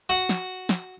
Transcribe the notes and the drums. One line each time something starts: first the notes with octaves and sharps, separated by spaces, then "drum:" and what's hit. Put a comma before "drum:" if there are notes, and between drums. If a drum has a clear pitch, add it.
F#4 F#5
drum: snare
drum: snare